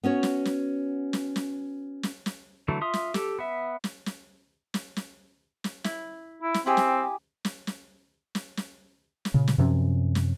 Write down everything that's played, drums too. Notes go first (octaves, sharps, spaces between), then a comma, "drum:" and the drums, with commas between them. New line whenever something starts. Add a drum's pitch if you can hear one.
B3 C#4 F#4 C#5
drum: snare
drum: snare
drum: snare
drum: snare
drum: snare
drum: snare
D3 E3 F#3 A3
F4 E5 C6 D#6
drum: snare
G4 A4, drum: snare
B3 E5
drum: snare
drum: snare
drum: snare
drum: snare
drum: snare
E4, drum: snare
E4
drum: snare
C4 E4 G4 G#4
drum: snare
drum: snare
drum: snare
drum: snare
drum: snare
drum: snare
A#2 C#3
drum: snare
F#2 C3 F3 C#4
drum: snare